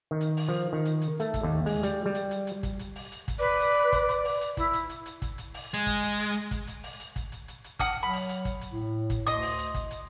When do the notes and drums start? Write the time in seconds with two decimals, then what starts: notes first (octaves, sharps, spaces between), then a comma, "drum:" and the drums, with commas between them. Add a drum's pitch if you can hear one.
0.11 D#3
0.21 drum: hi-hat
0.37 drum: open hi-hat
0.49 F3
0.73 D#3
0.85 drum: hi-hat
1.01 drum: hi-hat
1.20 A3, drum: hi-hat
1.34 drum: kick, hi-hat
1.43 D#2
1.66 G#3, drum: open hi-hat
1.83 G3, drum: hi-hat
2.06 G3
2.15 drum: hi-hat
2.31 drum: hi-hat
2.47 drum: hi-hat
2.63 drum: kick, hi-hat
2.79 drum: hi-hat
2.95 drum: open hi-hat
3.12 drum: hi-hat
3.28 drum: kick, hi-hat
3.39 B4 D5
3.60 drum: hi-hat
3.92 drum: kick, hi-hat
4.09 drum: hi-hat
4.25 drum: open hi-hat
4.41 drum: hi-hat
4.57 E4, drum: kick, hi-hat
4.73 drum: hi-hat
4.89 drum: hi-hat
5.06 drum: hi-hat
5.22 drum: kick, hi-hat
5.38 drum: hi-hat
5.54 drum: open hi-hat
5.74 G#3
5.86 drum: kick, hi-hat
6.03 drum: hi-hat
6.19 drum: hi-hat
6.35 drum: hi-hat
6.51 drum: kick, hi-hat
6.67 drum: hi-hat
6.83 drum: open hi-hat
7.00 drum: hi-hat
7.16 drum: kick, hi-hat
7.32 drum: hi-hat
7.48 drum: hi-hat
7.64 drum: hi-hat
7.79 F#5 D#6 F6, drum: kick, hi-hat
8.03 F#3 B5
8.13 drum: open hi-hat
8.29 drum: hi-hat
8.45 drum: kick, hi-hat
8.61 drum: hi-hat
8.71 A2
9.10 drum: kick, hi-hat
9.27 D2 D#5 C6 D#6, drum: hi-hat
9.42 drum: open hi-hat
9.58 drum: hi-hat
9.74 drum: kick, hi-hat
9.91 drum: hi-hat